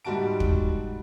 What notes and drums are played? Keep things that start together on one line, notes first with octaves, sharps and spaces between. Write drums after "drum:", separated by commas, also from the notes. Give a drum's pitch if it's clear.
G#2 G3 F#4 A5 D7
drum: kick